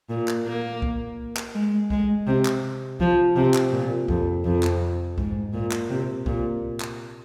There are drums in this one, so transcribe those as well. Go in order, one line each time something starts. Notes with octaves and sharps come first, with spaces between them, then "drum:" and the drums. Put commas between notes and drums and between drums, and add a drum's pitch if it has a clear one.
A#2
drum: clap
A#3
drum: kick
drum: clap
G#3
G#3, drum: kick
C3
drum: clap
F3, drum: kick
C3
drum: clap
A#2
F2, drum: kick
F2
drum: clap
G#2, drum: kick
A#2
drum: clap
C3
A#2, drum: kick
drum: clap